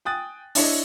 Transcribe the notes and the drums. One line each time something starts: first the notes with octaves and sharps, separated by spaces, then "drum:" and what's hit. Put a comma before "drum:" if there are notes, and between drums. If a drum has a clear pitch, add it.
G5 G#5 D#6 F#6 A6
D4 E4 C#5 D#5, drum: open hi-hat